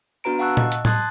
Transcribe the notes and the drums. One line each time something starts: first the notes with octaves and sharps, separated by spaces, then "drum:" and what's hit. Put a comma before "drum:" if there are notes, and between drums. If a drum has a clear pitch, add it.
B3 D4 F#4 B4 A#5 D7
F5 F#5 A5 C#6 E6 F#6
D#5, drum: tom A#2
drum: hi-hat
A5 C6 D#6 F#6 G#6 A6, drum: tom A2